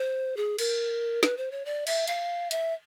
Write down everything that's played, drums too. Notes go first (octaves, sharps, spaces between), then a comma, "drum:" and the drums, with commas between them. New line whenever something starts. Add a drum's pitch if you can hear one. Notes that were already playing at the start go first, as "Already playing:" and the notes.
Already playing: C5
G#4
A#4, drum: cymbal
B4, drum: snare
C5
C#5
D5
E5, drum: cymbal
F5, drum: hi-hat
E5, drum: hi-hat